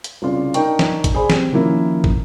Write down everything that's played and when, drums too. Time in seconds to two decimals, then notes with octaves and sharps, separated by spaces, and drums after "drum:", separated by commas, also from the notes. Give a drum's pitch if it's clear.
0.04 drum: hi-hat
0.22 C2 C#3 F4 D5
0.54 D4 D#4 A#4 G5 C#6, drum: hi-hat
0.79 drum: snare
1.04 drum: kick, hi-hat
1.14 G#4 C5 D5 G#5 B5
1.30 C4 G4, drum: snare
1.52 D#3 F3 A#3 C#4 E4
2.04 drum: kick